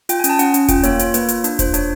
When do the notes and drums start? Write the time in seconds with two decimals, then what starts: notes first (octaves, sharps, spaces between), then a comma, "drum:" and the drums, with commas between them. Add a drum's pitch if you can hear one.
0.09 F4 G5, drum: hi-hat
0.20 G#5
0.24 C#4, drum: hi-hat
0.30 A5
0.39 C#4 F#5, drum: hi-hat
0.54 C#4, drum: hi-hat
0.68 F4 G5, drum: kick E1, hi-hat
0.83 A#3 C#5, drum: hi-hat
0.99 F4 C#5, drum: hi-hat
1.14 A#3 B4, drum: hi-hat
1.29 F4, drum: hi-hat
1.44 D4, drum: hi-hat
1.59 F4 C5, drum: kick E1, hi-hat
1.74 D4 C#5, drum: hi-hat